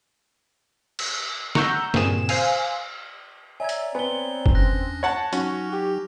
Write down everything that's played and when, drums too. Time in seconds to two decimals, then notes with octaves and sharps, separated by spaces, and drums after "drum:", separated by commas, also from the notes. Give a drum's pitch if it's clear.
0.99 drum: cymbal
1.55 F#5 A#5 C#6 E6 G6, drum: snare
1.94 G2 A#2 C#3 C4 G#4 E7, drum: snare
2.29 C5 F5 G#5, drum: cymbal
3.60 C#5 D5 E5 G#5 A#5 G#6
3.69 drum: hi-hat
3.95 B3 C4 G#5 G7
4.46 drum: kick F#1
4.55 E2 C#4 D4 F#6 A#6
5.03 C#5 F#5 A5
5.33 F#3 C#4 D#4 F#4, drum: hi-hat
5.72 G4 C#6